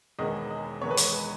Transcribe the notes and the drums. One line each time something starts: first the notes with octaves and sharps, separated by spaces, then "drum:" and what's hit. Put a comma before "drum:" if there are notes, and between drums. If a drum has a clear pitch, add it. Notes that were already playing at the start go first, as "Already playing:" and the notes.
E1 E2 D#3 G#3 B3 D#5
D#5
E1 E2 D#3 G#3 B3 C#5
B4
C#5, drum: hi-hat
B4